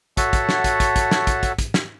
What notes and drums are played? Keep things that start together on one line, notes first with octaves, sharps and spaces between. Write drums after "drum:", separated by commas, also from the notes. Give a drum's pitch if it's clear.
F#4 A4 C#5 E5 F#5 A5, drum: kick, hi-hat
drum: kick, hi-hat
drum: snare
drum: kick, hi-hat
drum: kick, hi-hat
drum: kick, hi-hat
drum: snare
drum: kick, hi-hat
drum: kick, hi-hat
drum: kick, hi-hat
drum: snare